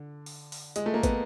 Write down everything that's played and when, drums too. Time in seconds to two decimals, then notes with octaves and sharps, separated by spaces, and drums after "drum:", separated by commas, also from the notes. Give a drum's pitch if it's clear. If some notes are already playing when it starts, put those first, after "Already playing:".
Already playing: D3
0.26 drum: open hi-hat
0.52 drum: open hi-hat
0.76 G#3, drum: hi-hat
0.86 A3
0.94 A#3
1.03 B3, drum: kick, hi-hat